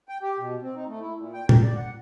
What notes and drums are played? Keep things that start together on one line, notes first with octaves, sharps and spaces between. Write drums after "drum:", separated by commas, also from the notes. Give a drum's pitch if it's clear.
G5
G4
B2
C4
D#4
A3
E4
A#2
G5
A#5, drum: tom
D5
F#5